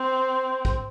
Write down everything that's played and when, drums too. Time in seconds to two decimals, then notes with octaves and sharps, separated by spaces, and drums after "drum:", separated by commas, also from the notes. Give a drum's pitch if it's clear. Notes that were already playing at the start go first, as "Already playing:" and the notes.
Already playing: C4
0.65 drum: kick